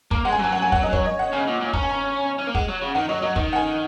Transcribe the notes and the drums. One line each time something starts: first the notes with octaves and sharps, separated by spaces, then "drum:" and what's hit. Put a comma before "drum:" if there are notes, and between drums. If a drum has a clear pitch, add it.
A#3 A#5, drum: kick
G#3 F#5
G#5
F#3
G#5
F#5
G#5
F#5, drum: kick
D#5
C#5, drum: kick
D#5
F#5
C#3 G#5
A#2
A#2
C#4 A#5, drum: kick
G#5
A#5
C#4
A#3
G#3 F#5, drum: kick
F#3
C#3
D#3 F#5
F#3 D#5
F#3 D#5
D#3 D#5, drum: kick
F#5
G#5